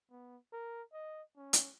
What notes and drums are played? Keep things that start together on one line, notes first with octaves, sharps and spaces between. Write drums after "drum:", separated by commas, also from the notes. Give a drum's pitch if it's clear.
B3
A#4
D#5
C#4
drum: hi-hat